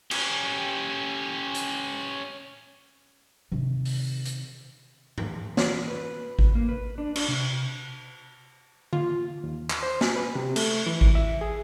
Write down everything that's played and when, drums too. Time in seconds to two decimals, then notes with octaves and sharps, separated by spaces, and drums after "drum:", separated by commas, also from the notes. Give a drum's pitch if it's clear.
0.11 C#4 G4, drum: cymbal
1.55 drum: hi-hat
3.52 C3 D#3
3.85 drum: open hi-hat
4.25 drum: hi-hat
5.18 drum: tom G2
5.57 E3, drum: snare
5.88 B4
6.39 drum: kick G#1
6.55 A#3
6.69 B4
6.98 D4
7.16 D4, drum: cymbal
7.28 C3
8.93 F4, drum: tom D3
9.44 D#2
9.70 drum: clap
9.83 C5
10.01 G#5, drum: snare
10.16 B4
10.35 C3
10.56 A3, drum: cymbal
10.86 E3
11.01 drum: kick G#1
11.15 E5
11.41 G#4